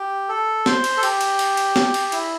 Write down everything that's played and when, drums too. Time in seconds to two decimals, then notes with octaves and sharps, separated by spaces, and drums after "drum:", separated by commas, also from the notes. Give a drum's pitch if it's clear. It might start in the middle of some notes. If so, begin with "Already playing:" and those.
Already playing: G4
0.29 A4
0.66 C5, drum: snare
0.84 drum: cymbal
0.97 A4
1.03 G4, drum: cymbal
1.21 drum: cymbal
1.39 drum: cymbal
1.57 drum: cymbal
1.76 drum: snare
1.94 drum: cymbal
2.12 E4, drum: cymbal